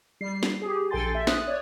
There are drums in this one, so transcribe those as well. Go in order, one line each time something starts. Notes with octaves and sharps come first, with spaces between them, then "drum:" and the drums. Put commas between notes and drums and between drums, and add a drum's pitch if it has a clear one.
G3 C7
drum: snare
G4 G#4
A#1 A4 G5 G#5 C6 A6
E5
D#6 F#6, drum: snare
C#5 D5